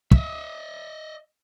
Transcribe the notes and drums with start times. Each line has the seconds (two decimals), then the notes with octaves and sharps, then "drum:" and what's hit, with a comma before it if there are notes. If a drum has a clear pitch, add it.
0.11 D#5 E5, drum: kick